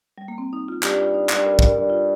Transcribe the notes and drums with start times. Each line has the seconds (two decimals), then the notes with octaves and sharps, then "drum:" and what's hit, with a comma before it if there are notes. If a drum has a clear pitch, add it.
0.18 G3
0.28 A#3
0.38 C4
0.53 D#4
0.68 F4
0.83 G2 G4, drum: clap
0.99 F4
1.14 D#4
1.29 G2, drum: clap
1.44 A#4
1.59 A#4, drum: kick
1.75 G2
1.90 F4